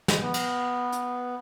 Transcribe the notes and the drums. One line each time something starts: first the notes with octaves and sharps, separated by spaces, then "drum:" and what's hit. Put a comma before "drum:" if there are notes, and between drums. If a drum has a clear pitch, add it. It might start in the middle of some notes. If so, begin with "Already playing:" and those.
drum: snare
B3
drum: cymbal
drum: hi-hat